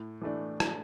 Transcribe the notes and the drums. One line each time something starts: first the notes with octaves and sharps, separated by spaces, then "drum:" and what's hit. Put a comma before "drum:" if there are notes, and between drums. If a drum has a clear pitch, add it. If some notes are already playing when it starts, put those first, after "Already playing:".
Already playing: A2
E3 A3 D4
drum: rim click